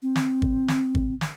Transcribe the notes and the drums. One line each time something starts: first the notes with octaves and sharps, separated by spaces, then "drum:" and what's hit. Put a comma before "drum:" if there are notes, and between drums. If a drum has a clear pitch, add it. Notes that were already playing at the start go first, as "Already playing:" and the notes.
C4
drum: snare
drum: kick
drum: snare
drum: kick
drum: snare